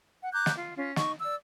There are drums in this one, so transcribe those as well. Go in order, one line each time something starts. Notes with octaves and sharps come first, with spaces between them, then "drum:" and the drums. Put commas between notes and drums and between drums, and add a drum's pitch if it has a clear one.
F#5
A#5 D6 F#6 G6
drum: snare
F4
C#4 F4
D#4 C#6, drum: snare
D5 E6